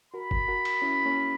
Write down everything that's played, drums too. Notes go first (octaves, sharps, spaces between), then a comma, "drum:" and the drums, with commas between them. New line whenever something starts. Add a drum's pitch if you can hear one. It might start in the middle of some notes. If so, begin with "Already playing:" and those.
F#4 A#4 B5
drum: kick F#1
F#4 A#4
drum: cymbal
C#4 E4
A#3 C#4